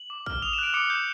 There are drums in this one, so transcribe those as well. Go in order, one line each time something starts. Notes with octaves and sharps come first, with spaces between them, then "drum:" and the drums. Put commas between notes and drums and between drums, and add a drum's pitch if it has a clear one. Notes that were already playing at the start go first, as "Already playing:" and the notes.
Already playing: F#7
D6
F6, drum: kick
D#6 F7
E7
F#6 D7
D6 C#7
G6